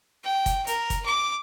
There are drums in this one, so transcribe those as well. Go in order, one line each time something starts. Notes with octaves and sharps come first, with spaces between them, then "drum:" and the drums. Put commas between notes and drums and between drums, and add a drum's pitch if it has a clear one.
G5
drum: kick, hi-hat
A#4, drum: hi-hat
drum: kick, hi-hat
D6